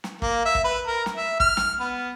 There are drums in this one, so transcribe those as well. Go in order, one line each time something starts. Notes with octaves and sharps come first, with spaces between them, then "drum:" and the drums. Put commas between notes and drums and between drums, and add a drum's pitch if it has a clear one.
drum: snare
A#3, drum: kick
E5
drum: kick
B4
A#4
drum: snare
E5
F6, drum: kick
drum: snare
B3